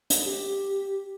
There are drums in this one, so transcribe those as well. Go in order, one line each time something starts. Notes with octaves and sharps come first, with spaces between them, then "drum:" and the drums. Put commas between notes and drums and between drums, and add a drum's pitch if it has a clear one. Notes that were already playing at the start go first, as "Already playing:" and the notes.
drum: hi-hat
G4